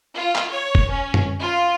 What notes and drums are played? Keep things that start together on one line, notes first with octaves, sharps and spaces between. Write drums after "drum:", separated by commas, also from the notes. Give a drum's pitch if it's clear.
F4
drum: clap
C#5
drum: kick F1
C#4
drum: tom F#2
F4